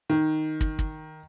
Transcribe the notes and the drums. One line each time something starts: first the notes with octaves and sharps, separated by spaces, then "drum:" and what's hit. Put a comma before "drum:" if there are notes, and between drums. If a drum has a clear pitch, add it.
D#3
drum: kick
drum: kick